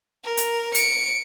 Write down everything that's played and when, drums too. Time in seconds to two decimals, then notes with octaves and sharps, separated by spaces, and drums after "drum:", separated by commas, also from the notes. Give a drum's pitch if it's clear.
0.24 A#4
0.37 drum: hi-hat
0.74 C#7 D7, drum: hi-hat